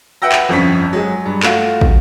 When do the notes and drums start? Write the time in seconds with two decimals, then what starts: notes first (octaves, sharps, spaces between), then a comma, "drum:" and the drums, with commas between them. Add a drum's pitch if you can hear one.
0.22 B4 E5 F#5 G5 E6 A#6
0.32 drum: clap
0.49 G1 F2 F3 C#4 B6
0.93 F#3 G#3 G#4
1.25 G2
1.43 A3 F4 F#4, drum: clap
1.81 drum: kick